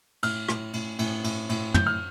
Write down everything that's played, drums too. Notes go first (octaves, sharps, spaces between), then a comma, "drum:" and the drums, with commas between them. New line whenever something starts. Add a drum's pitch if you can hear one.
A2 F6, drum: cymbal
A2, drum: rim click
A2, drum: cymbal
A2, drum: cymbal
A2, drum: cymbal
A2, drum: cymbal
A2 G6, drum: tom
F6